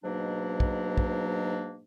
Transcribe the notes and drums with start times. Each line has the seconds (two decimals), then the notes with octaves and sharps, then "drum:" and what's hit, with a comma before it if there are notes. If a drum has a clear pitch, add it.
0.04 G#2 B2 F#3 A#3 D4
0.60 drum: kick
0.97 drum: kick